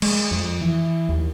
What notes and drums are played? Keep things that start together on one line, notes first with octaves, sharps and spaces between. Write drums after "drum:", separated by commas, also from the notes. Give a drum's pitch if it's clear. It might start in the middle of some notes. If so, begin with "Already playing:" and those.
G#3, drum: cymbal
F2
E3
D#2